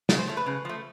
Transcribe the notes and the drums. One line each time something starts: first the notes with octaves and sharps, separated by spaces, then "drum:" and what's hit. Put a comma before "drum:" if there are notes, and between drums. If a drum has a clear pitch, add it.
C#3 F#4, drum: snare
C5
F3 A3 C#5
B4
C#3
F3 A3